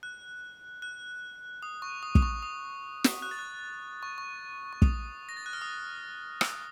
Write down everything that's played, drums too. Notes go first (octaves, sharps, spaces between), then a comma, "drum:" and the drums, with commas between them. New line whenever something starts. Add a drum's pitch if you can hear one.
F#6
F#6
D#6
C#6
D#6
D#6, drum: kick
C#6
D#6
drum: snare
F#6
A6
F#6
C#6
C#6
C#6
D#6, drum: kick
A#6
A6
F#6
F6
D#6
D#6, drum: rim click